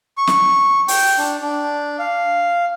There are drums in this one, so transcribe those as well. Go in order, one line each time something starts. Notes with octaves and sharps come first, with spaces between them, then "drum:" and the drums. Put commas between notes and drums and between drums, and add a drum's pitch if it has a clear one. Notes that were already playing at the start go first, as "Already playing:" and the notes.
C#6
drum: snare
G5, drum: open hi-hat
D4
D4
F5